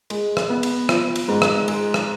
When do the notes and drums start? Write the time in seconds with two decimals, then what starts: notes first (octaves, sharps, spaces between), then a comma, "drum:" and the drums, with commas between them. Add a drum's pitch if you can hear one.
0.10 G#3, drum: cymbal
0.37 drum: rim click
0.49 B3
0.63 drum: cymbal
0.89 F3, drum: rim click
1.16 drum: cymbal
1.28 G#2
1.42 drum: rim click
1.68 G#3, drum: cymbal
1.94 drum: rim click